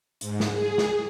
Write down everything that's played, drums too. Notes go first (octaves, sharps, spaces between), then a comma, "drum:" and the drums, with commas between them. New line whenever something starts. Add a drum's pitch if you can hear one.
G#2, drum: hi-hat
drum: snare
G#4
drum: snare